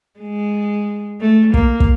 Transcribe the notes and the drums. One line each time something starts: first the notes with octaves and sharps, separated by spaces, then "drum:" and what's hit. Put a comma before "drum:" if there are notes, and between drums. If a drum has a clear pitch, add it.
G#3
A3
A#3, drum: kick
drum: kick